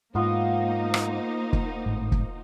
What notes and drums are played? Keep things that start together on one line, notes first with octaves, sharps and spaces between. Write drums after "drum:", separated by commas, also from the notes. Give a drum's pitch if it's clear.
G#2 A#3 B3 D#4 F4 C5
drum: rim click
drum: kick
G#1 A2
drum: kick